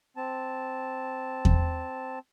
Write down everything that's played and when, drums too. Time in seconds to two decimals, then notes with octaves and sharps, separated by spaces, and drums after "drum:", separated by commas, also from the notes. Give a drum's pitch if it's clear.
0.17 C4 A5
1.45 drum: kick E2